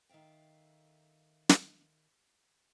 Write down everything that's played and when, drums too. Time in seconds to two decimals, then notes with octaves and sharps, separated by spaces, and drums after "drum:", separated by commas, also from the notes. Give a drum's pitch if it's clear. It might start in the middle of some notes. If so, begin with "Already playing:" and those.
0.09 D#3 A4 E5 F5 G5
1.49 drum: snare